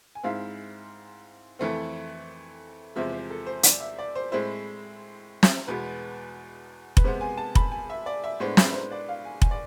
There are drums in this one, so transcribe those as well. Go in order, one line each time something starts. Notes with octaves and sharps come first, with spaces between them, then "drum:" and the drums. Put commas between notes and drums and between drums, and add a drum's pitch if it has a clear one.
G#5
G#2 G#3 C4 E4 F5
F2 E3 A3 C4
E2 C3 F3 G#3 C4 E5
C5
A4
C5
D5, drum: hi-hat
E5
D5
C5
A2 G#3 C4 E4 C5
drum: snare
E2 B2 G#3 B3 B4
B4, drum: kick F1
C3 G#3 B3 C5
G#5
A5
B5, drum: kick F1
G#5
E5
D5
E5
A2 G#3 B3 D4 C5
B4, drum: snare
C5
D5
F5
G#5
G#5, drum: kick F1
D5